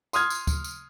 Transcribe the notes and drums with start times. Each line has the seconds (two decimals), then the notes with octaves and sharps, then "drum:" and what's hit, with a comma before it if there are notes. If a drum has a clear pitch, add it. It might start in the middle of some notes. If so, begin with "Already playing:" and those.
0.13 C6 D#6 F6 G#6, drum: tambourine
0.30 drum: tambourine
0.47 drum: kick D2, tambourine
0.64 drum: tambourine